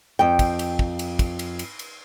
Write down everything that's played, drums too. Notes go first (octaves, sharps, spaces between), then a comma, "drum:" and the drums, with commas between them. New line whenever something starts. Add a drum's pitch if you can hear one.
F2 G5
drum: kick, cymbal
drum: cymbal
drum: kick
drum: cymbal
drum: kick, cymbal
drum: cymbal
drum: cymbal
drum: cymbal